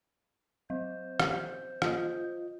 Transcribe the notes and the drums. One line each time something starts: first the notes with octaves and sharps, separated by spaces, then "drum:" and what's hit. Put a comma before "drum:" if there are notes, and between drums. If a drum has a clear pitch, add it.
F#3 C5
drum: rim click
F4 D#5, drum: rim click